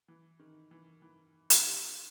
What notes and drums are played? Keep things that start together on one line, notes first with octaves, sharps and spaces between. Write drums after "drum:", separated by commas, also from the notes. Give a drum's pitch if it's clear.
E3
D#3
E3
E3
D#3 G3, drum: hi-hat